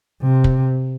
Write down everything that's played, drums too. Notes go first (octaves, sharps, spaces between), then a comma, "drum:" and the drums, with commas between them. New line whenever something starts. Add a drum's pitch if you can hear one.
C3
drum: kick